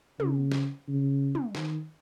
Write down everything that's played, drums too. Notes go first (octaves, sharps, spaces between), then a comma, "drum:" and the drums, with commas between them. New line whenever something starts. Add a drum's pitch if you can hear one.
C#3, drum: tom
drum: snare
C#3
drum: tom
D#3, drum: snare